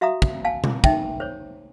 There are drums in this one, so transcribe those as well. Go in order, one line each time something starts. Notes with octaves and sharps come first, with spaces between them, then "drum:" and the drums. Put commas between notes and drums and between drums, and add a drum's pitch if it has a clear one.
F#4 E5 F5 A#5 D#6
drum: kick
F5 G#5 A5
drum: tom B2
D#4 E5 G5, drum: kick
C5 C#5